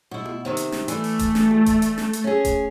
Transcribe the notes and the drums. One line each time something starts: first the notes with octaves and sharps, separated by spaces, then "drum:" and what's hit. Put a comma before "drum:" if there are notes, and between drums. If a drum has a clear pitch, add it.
B2 E4
drum: tom E4
C3 D#3 C4
drum: hi-hat
drum: snare
E3 A3 D5, drum: hi-hat
drum: open hi-hat
drum: kick E1, hi-hat
drum: snare
drum: tom E4
drum: kick E1, hi-hat
drum: hi-hat
drum: snare
drum: hi-hat
C#4 G#4
drum: kick E1, hi-hat